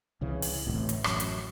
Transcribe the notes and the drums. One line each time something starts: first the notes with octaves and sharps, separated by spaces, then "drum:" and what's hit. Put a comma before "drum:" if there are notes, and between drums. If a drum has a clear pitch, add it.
C2 C#3 E3 C#4
drum: open hi-hat
D1 A1 A2 C3
drum: hi-hat
A1 F#2, drum: rim click
drum: hi-hat